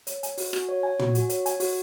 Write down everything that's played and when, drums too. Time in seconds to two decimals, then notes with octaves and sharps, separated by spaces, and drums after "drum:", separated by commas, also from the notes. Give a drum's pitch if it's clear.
0.07 C#5, drum: hi-hat
0.23 G#5, drum: hi-hat
0.38 F#4, drum: open hi-hat
0.53 F#4, drum: rim click
0.69 C#5
0.83 G#5
0.99 F#4, drum: tom
1.15 F#4, drum: hi-hat
1.29 C#5, drum: hi-hat
1.46 G#5, drum: hi-hat
1.60 F#4, drum: open hi-hat